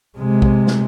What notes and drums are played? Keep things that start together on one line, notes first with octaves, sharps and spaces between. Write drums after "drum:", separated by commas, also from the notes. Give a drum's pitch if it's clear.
C3 G#3
drum: kick
drum: snare